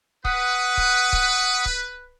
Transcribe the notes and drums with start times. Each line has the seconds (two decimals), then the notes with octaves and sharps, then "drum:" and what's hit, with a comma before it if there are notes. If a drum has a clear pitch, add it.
0.25 B4 F#5 D#6, drum: kick C#1
0.77 drum: kick C#1
1.13 drum: kick C#1
1.66 drum: kick C#1